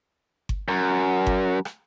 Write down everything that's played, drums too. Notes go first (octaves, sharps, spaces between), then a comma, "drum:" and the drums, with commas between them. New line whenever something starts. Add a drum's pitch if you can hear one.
drum: kick G1
F#2
drum: kick G1
drum: rim click